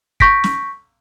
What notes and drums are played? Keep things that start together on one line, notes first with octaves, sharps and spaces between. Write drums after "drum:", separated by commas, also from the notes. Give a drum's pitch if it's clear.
C#6 G6 A#6 B6 D7, drum: kick
drum: snare